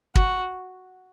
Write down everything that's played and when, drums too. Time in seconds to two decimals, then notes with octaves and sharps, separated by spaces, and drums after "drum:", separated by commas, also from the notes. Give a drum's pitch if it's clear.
0.15 F#4, drum: kick